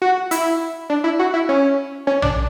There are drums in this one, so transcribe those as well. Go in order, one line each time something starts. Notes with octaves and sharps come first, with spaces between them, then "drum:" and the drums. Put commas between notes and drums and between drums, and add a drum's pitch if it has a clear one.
F#4
E4, drum: hi-hat
D4
E4
F#4
E4
C#4
C#4
D4, drum: tom A#1